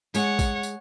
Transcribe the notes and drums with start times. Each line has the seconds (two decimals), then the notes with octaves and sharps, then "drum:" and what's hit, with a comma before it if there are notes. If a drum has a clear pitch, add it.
0.15 G#3 G#4 C#5 F#5, drum: tambourine
0.39 drum: kick, tambourine
0.63 drum: tambourine